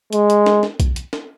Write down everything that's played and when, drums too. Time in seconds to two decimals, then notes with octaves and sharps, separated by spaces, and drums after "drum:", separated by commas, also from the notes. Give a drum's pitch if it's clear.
0.13 G#3, drum: hi-hat
0.30 drum: hi-hat
0.46 drum: snare
0.63 drum: snare
0.80 drum: kick, hi-hat
0.96 drum: hi-hat
1.13 drum: snare